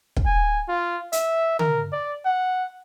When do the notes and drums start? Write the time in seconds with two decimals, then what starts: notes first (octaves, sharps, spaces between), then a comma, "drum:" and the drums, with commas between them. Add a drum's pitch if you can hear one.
0.16 drum: kick
0.26 G#5
0.68 F4
1.12 E5, drum: hi-hat
1.59 A#4, drum: tom D3
1.92 D5
2.25 F#5